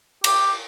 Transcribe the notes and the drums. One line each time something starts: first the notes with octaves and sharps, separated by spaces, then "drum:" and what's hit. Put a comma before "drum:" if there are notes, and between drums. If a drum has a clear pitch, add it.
G4, drum: cymbal